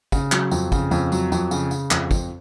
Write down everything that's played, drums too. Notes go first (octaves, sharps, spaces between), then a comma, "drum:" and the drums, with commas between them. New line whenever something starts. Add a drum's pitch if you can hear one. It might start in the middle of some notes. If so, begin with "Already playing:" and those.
C#3, drum: kick, tambourine
F#3, drum: clap
F2, drum: tambourine
C#3, drum: kick, tambourine
F2, drum: tambourine
F#3, drum: tambourine
F2, drum: tambourine
C#3, drum: tambourine
C#3, drum: tambourine
F2, drum: clap
F2, drum: kick, tambourine